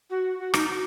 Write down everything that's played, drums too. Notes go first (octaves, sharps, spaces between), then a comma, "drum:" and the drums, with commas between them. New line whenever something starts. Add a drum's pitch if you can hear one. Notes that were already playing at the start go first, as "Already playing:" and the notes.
F#4
F#4
D#4, drum: rim click
F#4